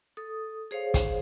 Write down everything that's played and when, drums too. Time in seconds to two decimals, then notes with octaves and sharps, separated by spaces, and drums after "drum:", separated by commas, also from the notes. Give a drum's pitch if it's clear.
0.17 A4 D#6
0.71 G#4 C5 C#5 F5
0.94 drum: kick, hi-hat